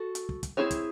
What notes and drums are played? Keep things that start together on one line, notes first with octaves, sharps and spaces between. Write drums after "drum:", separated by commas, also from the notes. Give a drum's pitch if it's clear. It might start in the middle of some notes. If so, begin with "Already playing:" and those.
Already playing: F#4 A4
drum: hi-hat
drum: kick
drum: kick, hi-hat
C4 E4 G#4 C#5
drum: kick, hi-hat